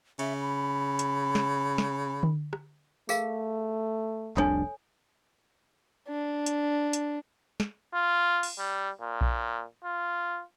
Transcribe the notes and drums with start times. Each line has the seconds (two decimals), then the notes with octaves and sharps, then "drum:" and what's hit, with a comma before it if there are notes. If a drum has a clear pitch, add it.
0.19 C#3 E5, drum: cymbal
0.41 B5
0.99 drum: hi-hat
1.35 drum: snare
1.78 drum: snare
2.23 drum: tom D3
2.53 drum: rim click
3.09 A3 G#4 A#4 F5, drum: tambourine
4.37 F1 C2 D4 A4 C#5 G#5, drum: clap
6.08 D4
6.46 drum: hi-hat
6.93 drum: hi-hat
7.60 drum: snare
7.94 F4
8.43 drum: open hi-hat
8.59 G3
9.01 A#2
9.21 drum: kick A#1
9.84 F4